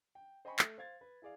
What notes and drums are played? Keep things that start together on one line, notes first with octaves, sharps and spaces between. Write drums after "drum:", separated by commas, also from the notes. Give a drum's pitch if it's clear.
G5
C5 D#5 G5 G#5 B5 C#6
A3, drum: clap
C5 F5 G#6 A6
B4
E4 G#4 D5 F5